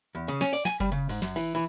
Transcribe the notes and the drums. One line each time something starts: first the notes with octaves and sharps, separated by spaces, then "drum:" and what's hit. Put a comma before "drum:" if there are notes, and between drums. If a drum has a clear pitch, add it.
E2
C#3
C#4, drum: snare
D5, drum: cymbal
G#5, drum: snare
G3, drum: kick F#1
C#3
G#2, drum: cymbal
F#2, drum: snare
E3, drum: cymbal
E3